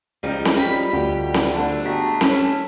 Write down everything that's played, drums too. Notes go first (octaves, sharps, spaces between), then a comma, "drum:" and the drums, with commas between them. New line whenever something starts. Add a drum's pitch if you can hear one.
C#2 F3 G3 D#4
drum: snare C4
C#4 G5 B5 B6
D2 G4
drum: snare C4
D3 A3 D4
G#3 B3 F#4 G5 A#5 B6
C#4 B6 E7, drum: snare C4